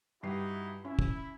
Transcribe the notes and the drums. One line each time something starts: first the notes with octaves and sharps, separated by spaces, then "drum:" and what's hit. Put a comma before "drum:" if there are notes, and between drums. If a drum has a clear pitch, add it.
G2 D#4 E4 F#4 G4 C7
C#4 E4
drum: kick